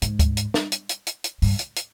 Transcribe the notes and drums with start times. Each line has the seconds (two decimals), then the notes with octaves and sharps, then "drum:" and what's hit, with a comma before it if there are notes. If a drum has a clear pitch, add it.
0.02 G#2, drum: hi-hat
0.19 drum: kick D2, hi-hat
0.37 drum: hi-hat
0.54 drum: snare
0.72 drum: hi-hat
0.89 drum: hi-hat
1.07 drum: hi-hat
1.24 drum: hi-hat
1.42 G2, drum: open hi-hat
1.59 drum: hi-hat
1.76 drum: hi-hat